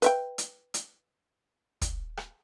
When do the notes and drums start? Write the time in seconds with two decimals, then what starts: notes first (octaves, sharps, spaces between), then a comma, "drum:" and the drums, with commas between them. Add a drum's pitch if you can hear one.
0.02 B4 E5 G5, drum: hi-hat
0.38 drum: hi-hat
0.74 drum: hi-hat
1.82 drum: kick, hi-hat
2.17 drum: rim click